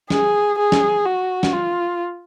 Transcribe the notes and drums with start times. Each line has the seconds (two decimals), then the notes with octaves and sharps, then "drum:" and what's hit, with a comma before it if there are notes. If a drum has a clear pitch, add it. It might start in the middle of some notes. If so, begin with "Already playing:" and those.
0.10 G#4, drum: snare
0.59 G#4
0.72 drum: snare
1.06 F#4
1.43 drum: snare
1.53 F4